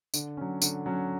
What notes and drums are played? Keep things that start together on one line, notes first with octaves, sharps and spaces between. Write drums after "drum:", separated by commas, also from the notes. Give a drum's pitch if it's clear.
D3, drum: tambourine
F#3 C#4
D3, drum: tambourine
F#3 C#4